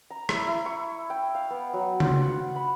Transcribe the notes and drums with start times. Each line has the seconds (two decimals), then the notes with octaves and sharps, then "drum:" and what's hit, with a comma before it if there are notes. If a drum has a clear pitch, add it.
0.10 A#5
0.29 E4, drum: rim click
0.47 E4
0.66 C#6
1.10 G5
1.35 F5
1.50 B3
1.73 F#3
2.00 F4, drum: tom C#3
2.22 F#5
2.56 B5